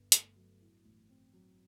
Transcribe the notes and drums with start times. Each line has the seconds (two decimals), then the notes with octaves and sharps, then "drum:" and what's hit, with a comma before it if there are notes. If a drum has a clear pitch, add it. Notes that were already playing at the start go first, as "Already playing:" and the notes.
Already playing: G1 G2
0.12 A3, drum: hi-hat
0.36 F#3
0.60 A2
0.85 A1
1.09 C4
1.33 F#3